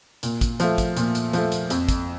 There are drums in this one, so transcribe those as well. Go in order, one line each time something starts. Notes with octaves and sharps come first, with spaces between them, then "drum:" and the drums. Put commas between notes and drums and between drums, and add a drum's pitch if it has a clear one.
A#2, drum: hi-hat
drum: kick, hi-hat
F3 A3, drum: hi-hat
drum: kick, hi-hat
A#2, drum: hi-hat
drum: hi-hat
F3 A3, drum: hi-hat
drum: hi-hat
F2, drum: hi-hat
drum: kick, hi-hat